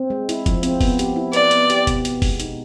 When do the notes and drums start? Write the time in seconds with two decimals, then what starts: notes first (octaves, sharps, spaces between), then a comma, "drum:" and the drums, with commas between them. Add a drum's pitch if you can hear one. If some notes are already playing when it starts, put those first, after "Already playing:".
Already playing: C4
0.10 G#3
0.29 E4, drum: hi-hat
0.46 F3, drum: kick, hi-hat
0.63 C4, drum: hi-hat
0.81 B3, drum: kick, open hi-hat
0.99 G4, drum: hi-hat
1.16 E4
1.33 B4 D5, drum: hi-hat
1.51 B3, drum: hi-hat
1.70 G4, drum: hi-hat
1.87 B2, drum: kick, hi-hat
2.05 B3, drum: hi-hat
2.22 G#3, drum: kick, open hi-hat
2.40 D#4, drum: hi-hat